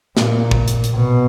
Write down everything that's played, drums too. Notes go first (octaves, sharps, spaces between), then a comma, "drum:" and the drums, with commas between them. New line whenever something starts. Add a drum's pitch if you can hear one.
A#2, drum: snare
drum: kick
drum: hi-hat
drum: hi-hat
B2